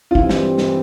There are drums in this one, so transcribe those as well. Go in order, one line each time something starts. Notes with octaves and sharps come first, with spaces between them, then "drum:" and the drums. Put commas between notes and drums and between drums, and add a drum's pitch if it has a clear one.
F4
G2 E3 G3 C4 E4, drum: kick
drum: snare
drum: snare